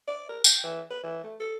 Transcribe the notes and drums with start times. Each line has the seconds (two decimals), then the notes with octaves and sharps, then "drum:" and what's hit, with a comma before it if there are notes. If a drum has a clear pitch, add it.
0.08 D5
0.29 A#4
0.44 G5, drum: tambourine
0.64 E3
0.90 B4
1.03 E3
1.24 A3
1.40 A4